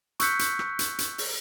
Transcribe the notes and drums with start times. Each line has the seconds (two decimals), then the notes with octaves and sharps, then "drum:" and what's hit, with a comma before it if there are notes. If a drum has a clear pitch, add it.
0.20 C#6 E6 F#6 G6 B6 C#7, drum: hi-hat
0.39 drum: hi-hat
0.59 drum: rim click
0.79 drum: hi-hat
0.99 drum: hi-hat
1.18 drum: open hi-hat